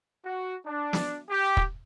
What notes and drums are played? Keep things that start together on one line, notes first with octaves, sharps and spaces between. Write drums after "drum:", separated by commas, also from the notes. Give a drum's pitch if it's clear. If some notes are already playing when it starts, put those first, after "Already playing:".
F#4
D4
drum: snare
G4
drum: kick